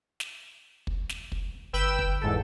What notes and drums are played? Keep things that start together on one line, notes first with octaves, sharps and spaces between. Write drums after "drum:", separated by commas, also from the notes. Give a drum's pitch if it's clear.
drum: snare
drum: kick
drum: snare
drum: kick
G1 B4 G5 E6
drum: kick
E2 G#2 A4